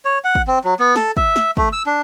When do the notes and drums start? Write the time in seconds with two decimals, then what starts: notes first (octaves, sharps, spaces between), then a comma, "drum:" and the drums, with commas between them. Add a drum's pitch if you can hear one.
0.05 C#5
0.24 F#5
0.35 drum: kick
0.47 C4
0.64 F#3
0.79 B3
0.96 A4, drum: snare
1.17 E5, drum: kick
1.36 drum: snare
1.57 A3, drum: kick
1.73 E6
1.86 D4